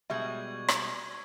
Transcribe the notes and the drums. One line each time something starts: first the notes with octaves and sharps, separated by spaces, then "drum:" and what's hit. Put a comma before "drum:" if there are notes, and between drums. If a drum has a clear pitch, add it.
B2 G3 G#3 E5 C#6 G#6 F#7
drum: rim click